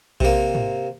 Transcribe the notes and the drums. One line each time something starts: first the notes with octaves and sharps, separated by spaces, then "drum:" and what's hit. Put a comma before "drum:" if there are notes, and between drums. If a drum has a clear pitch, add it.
C3 A#3, drum: kick A#1
drum: tom G#2